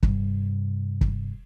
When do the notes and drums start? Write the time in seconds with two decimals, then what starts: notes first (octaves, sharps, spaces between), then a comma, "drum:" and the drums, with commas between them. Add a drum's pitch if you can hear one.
0.03 G2 C3, drum: kick
1.01 drum: kick